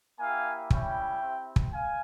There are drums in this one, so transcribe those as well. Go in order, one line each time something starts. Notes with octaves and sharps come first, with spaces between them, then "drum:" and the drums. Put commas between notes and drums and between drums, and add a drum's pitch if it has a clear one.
A#3 E4 G4 F5 G#5
G3 C#4 E4 E5 G5, drum: kick
C4 E4 G4
drum: kick
F5 G#5